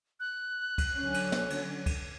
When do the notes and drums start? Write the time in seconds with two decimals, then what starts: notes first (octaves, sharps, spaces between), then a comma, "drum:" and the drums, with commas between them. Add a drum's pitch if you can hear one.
0.20 F#6
0.78 drum: kick C#2, cymbal
0.96 D3 F#3 C#4
1.14 drum: cymbal
1.32 drum: snare
1.50 drum: cymbal
1.86 drum: kick C#2, cymbal